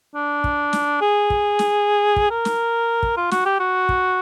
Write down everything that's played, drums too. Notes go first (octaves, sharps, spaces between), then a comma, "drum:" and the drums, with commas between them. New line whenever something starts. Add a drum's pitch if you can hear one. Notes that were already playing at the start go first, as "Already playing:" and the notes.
D4
drum: kick
drum: snare
G#4
drum: kick
drum: snare
drum: kick
A#4
drum: snare
drum: kick
F4
F#4, drum: snare
G4
F#4
drum: kick